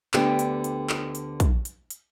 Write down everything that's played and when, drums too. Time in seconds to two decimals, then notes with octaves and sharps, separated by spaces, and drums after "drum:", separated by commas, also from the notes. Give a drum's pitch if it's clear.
0.14 D2 D3 B3 G4 G5, drum: clap
0.39 drum: hi-hat
0.64 drum: hi-hat
0.89 drum: clap
1.15 drum: hi-hat
1.40 drum: kick, hi-hat
1.65 drum: hi-hat
1.90 drum: hi-hat